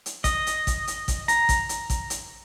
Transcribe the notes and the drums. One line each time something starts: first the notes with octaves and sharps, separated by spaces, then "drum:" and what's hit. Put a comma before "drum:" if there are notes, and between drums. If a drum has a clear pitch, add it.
drum: hi-hat
D#5, drum: kick, hi-hat
drum: hi-hat
drum: kick, hi-hat
drum: hi-hat
drum: kick, hi-hat
A#5, drum: hi-hat
drum: kick, hi-hat
drum: hi-hat
drum: kick, hi-hat
drum: hi-hat